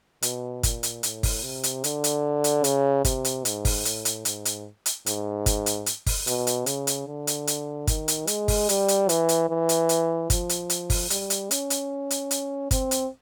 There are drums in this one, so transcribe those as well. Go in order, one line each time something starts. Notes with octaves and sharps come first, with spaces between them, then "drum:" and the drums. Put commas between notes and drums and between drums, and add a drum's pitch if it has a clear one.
B2, drum: hi-hat
A#2, drum: kick G1, hi-hat
drum: hi-hat
A2, drum: hi-hat
drum: kick G1, open hi-hat
C3
drum: hi-hat
D3, drum: hi-hat
drum: hi-hat
drum: hi-hat
C#3, drum: hi-hat
C3, drum: kick G1, hi-hat
drum: hi-hat
G#2, drum: hi-hat
drum: kick G1, open hi-hat
A2, drum: hi-hat
drum: hi-hat
G#2, drum: hi-hat
drum: hi-hat
drum: hi-hat
G#2, drum: hi-hat
drum: kick G1, hi-hat
drum: hi-hat
drum: hi-hat
drum: kick G1, open hi-hat
B2, drum: hi-hat
drum: hi-hat
C#3, drum: hi-hat
drum: hi-hat
D3
drum: hi-hat
drum: hi-hat
D#3, drum: kick G1, hi-hat
drum: hi-hat
G#3, drum: hi-hat
drum: kick G1, open hi-hat
G3, drum: hi-hat
drum: hi-hat
E3, drum: hi-hat
drum: hi-hat
E3
drum: hi-hat
drum: hi-hat
F3, drum: kick G1, hi-hat
drum: hi-hat
drum: hi-hat
drum: kick G1, open hi-hat
G3, drum: hi-hat
drum: hi-hat
C#4, drum: hi-hat
drum: hi-hat
drum: hi-hat
drum: hi-hat
C4, drum: kick G1, hi-hat
drum: hi-hat